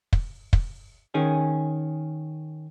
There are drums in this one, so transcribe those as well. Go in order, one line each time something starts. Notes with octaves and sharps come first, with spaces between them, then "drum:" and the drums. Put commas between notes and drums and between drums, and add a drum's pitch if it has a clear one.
drum: kick
drum: kick
D#3 C#4 G#4